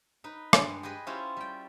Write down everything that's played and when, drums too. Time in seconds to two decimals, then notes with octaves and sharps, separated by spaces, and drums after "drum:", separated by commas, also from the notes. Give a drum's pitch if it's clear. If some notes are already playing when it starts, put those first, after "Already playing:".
0.24 D#4 B4
0.53 G2 G#3, drum: rim click
0.83 G4 G#4 B4 D#5
1.07 C#4 E4 F4 G4 C5
1.37 G3 G5